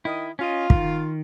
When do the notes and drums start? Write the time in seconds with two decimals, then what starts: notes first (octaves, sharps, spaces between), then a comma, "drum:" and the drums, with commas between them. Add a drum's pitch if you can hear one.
0.05 D#3 E4 D#5
0.39 C#4 F4 D#5
0.70 D#3, drum: kick